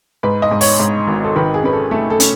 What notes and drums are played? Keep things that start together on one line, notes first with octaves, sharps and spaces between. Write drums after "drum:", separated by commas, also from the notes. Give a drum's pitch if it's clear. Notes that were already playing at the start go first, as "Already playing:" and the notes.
G#2 B4
D#5
G#2
C#5, drum: open hi-hat
G#2
G#1
A4
D#3 B4
G#4
C#4 B4
A4
A3 A4
A4
C#4, drum: hi-hat